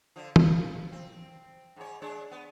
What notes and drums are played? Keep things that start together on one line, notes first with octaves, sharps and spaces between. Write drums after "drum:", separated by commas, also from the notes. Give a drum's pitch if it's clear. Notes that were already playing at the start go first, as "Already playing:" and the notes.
D3 F3
F3, drum: tom
C4
G#2 C#5
G#3 D4 C#5
B3